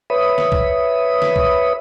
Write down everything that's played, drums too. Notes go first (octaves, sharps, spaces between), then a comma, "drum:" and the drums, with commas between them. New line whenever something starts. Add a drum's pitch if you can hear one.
B4 C#5 E5 B5 D#6
drum: snare
drum: kick B1
drum: snare
drum: kick B1